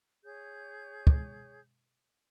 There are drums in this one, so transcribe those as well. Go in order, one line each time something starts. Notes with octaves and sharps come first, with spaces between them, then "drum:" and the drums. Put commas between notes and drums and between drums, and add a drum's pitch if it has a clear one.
G#4 C#5 G6
drum: kick